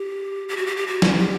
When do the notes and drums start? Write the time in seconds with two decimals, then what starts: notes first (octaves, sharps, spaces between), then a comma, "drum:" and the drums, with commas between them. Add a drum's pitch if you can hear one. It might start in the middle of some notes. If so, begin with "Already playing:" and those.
Already playing: G4
0.49 G4
0.57 F#4
0.66 G4
0.77 G4
0.87 F#4
1.02 E4, drum: snare
1.18 G4